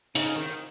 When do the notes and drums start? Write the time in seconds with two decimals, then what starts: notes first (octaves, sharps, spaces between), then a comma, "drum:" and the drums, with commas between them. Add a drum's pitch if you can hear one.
0.15 C#3 D#4, drum: hi-hat
0.36 D#3